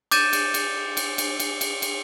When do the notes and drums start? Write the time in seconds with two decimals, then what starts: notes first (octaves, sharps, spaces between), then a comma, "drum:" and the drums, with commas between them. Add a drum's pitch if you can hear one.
0.11 D6 G6 A6 D#7 E7, drum: cymbal
0.33 drum: cymbal
0.54 drum: cymbal
0.97 drum: cymbal
1.18 drum: cymbal
1.40 drum: cymbal
1.61 drum: cymbal
1.82 drum: cymbal